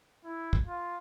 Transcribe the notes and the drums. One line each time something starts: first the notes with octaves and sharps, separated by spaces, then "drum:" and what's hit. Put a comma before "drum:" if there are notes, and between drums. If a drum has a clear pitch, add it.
E4
drum: kick
F4